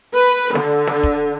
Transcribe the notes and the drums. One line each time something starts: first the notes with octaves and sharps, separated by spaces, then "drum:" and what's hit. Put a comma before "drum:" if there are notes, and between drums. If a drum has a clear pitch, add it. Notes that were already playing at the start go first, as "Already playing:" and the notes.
B4
D3, drum: snare
drum: snare
drum: kick